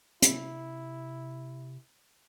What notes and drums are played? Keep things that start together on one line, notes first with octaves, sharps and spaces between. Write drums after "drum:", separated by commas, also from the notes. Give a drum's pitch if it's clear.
C3 E4, drum: hi-hat